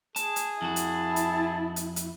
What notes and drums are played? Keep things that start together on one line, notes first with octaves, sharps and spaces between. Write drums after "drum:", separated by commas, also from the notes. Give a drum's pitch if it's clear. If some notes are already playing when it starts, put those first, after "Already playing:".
G#4 A5, drum: hi-hat
drum: hi-hat
F2 E4 F#4 A5
drum: hi-hat
drum: hi-hat
drum: hi-hat
drum: hi-hat